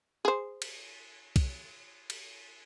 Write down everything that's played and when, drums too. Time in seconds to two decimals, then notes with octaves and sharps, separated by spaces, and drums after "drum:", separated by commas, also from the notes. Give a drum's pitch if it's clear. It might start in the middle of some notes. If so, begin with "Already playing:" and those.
0.25 G#4 C5
0.62 drum: cymbal
1.36 drum: kick, cymbal
2.10 drum: cymbal